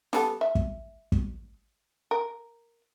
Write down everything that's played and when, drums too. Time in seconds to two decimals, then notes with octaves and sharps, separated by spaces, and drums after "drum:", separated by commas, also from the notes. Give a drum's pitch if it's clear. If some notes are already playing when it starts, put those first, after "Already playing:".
0.13 G3 B3 A4, drum: snare
0.41 E5
0.55 drum: kick
1.12 drum: kick
2.11 A#4